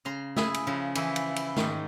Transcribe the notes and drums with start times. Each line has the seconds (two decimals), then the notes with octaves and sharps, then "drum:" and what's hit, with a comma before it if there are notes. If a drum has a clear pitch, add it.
0.05 C#3 A#5 C6
0.36 E4 G#4, drum: snare
0.54 drum: cymbal
0.67 C#3 F3
0.95 E3 F3 E4, drum: cymbal
1.16 drum: cymbal
1.36 drum: cymbal
1.57 G#2 D#3, drum: snare